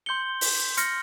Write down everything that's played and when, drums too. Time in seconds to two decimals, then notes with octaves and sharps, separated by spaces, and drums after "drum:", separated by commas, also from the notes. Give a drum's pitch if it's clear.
0.06 C6 G6 C#7 G7
0.41 drum: open hi-hat
0.77 C6 F6 A#6 C#7, drum: hi-hat